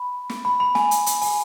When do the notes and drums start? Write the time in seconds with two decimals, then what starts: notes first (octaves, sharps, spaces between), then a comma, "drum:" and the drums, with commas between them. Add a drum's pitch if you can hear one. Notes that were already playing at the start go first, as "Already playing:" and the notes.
Already playing: B5
0.29 drum: snare
0.45 B5
0.60 B5
0.75 G#5, drum: snare
0.91 drum: hi-hat
1.06 drum: hi-hat
1.22 G#5, drum: open hi-hat